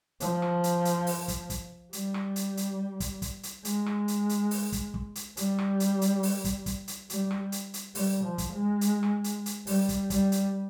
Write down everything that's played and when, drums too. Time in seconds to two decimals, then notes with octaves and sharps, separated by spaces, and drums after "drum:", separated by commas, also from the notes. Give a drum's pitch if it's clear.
0.20 F3, drum: hi-hat
0.42 drum: rim click
0.64 drum: hi-hat
0.85 drum: hi-hat
1.07 drum: open hi-hat
1.28 drum: kick, hi-hat
1.50 drum: kick, hi-hat
1.93 G3, drum: hi-hat
2.14 drum: rim click
2.36 drum: hi-hat
2.57 drum: hi-hat
3.00 drum: kick, hi-hat
3.22 drum: kick, hi-hat
3.43 drum: hi-hat
3.65 G#3, drum: hi-hat
3.86 drum: rim click
4.08 drum: hi-hat
4.29 drum: hi-hat
4.51 drum: open hi-hat
4.72 drum: kick, hi-hat
4.94 drum: kick
5.15 drum: hi-hat
5.37 G3, drum: hi-hat
5.58 drum: rim click
5.80 drum: hi-hat
6.02 drum: hi-hat
6.23 drum: open hi-hat
6.45 drum: kick, hi-hat
6.66 drum: kick, hi-hat
6.88 drum: hi-hat
7.10 G3, drum: hi-hat
7.31 drum: rim click
7.52 drum: hi-hat
7.74 drum: hi-hat
7.95 G3, drum: open hi-hat
8.24 F3
8.38 drum: kick, hi-hat
8.53 G#3
8.81 drum: hi-hat
9.03 drum: rim click
9.24 drum: hi-hat
9.46 drum: hi-hat
9.67 G3, drum: open hi-hat
9.89 drum: kick, hi-hat
10.10 G3, drum: kick, hi-hat
10.32 drum: hi-hat